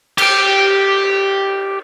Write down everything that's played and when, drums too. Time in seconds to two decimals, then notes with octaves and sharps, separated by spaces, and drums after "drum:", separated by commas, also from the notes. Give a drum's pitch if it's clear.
0.18 G4 G5, drum: cymbal